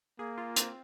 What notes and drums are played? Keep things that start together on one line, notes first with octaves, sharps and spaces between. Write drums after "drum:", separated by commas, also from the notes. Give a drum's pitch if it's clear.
A#3 G#4
F4
C4, drum: hi-hat